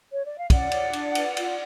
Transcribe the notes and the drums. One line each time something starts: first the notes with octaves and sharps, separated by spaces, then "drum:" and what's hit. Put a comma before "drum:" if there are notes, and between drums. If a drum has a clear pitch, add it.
C#5
D5
F5
C#4 D5 F#5, drum: kick, cymbal
C#5, drum: cymbal
D4, drum: cymbal
B4, drum: cymbal
F4, drum: cymbal